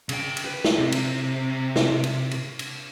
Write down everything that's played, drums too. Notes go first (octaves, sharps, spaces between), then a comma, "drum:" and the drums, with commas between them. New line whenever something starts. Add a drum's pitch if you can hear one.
C#3 G5, drum: cymbal
drum: cymbal
B4
drum: snare
C3
drum: cymbal
drum: snare
drum: cymbal
drum: cymbal
drum: cymbal